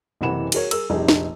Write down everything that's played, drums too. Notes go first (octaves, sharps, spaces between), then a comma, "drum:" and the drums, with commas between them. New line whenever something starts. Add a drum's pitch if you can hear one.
F#1 C3 E3 F#5 B5 E7
F#4 G#4 A#4 C#5, drum: cymbal
G#4 A#4 E6, drum: cymbal
F1 A#1 D#4 G4 G#4
drum: snare D4